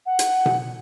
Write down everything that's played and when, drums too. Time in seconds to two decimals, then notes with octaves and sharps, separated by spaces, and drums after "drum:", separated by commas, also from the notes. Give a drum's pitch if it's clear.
0.06 F#5
0.19 drum: hi-hat
0.46 drum: tom B2